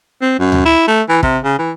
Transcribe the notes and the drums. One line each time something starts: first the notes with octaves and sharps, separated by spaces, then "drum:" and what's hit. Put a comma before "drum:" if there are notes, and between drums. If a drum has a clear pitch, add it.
C4
F#2
drum: tom D2
E4
A3
E3
C3, drum: kick
C#3
E3